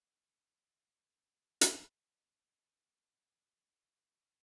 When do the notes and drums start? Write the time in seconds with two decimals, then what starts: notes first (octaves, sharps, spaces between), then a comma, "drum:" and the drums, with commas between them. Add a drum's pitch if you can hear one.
0.15 G#4 E5
0.80 D2 A4 G#5 C#6
1.20 E4 C5
1.61 drum: hi-hat
2.11 G3 C4 E4 F#4 G4 B4 D#5
3.21 C#5 D5 F5 G5 A#5 C6